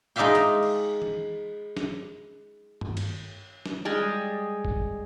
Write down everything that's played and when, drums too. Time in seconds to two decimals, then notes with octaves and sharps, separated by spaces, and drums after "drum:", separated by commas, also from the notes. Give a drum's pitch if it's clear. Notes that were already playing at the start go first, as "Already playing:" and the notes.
0.16 G#3 D#4 D5 E5 F5 G5
0.35 drum: hi-hat
0.63 drum: cymbal
1.02 drum: tom E3
1.77 drum: snare
2.81 drum: tom G2
2.97 drum: cymbal
3.66 drum: snare
3.85 G3 G#3 G#4
4.65 drum: kick